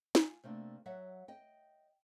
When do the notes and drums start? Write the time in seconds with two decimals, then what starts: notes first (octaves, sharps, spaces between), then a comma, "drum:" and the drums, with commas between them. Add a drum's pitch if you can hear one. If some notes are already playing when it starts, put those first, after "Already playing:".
0.15 F4 G#5, drum: snare
0.44 C3 A3 A#3 D4
0.86 F#3 E5 F#5
1.28 D#5 G5